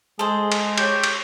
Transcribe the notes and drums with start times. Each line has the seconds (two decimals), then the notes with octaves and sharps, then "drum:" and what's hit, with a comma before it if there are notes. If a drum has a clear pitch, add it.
0.19 G#3 G#4 A4 C5
0.52 drum: cymbal
0.78 G4 C#5, drum: cymbal
1.03 drum: cymbal